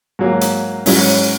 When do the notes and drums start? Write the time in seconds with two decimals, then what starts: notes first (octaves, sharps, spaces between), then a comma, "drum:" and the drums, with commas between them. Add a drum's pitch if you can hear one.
0.19 G#2 F#3 A#3
0.41 drum: hi-hat
0.86 G#2 F#3 C#4 E4, drum: open hi-hat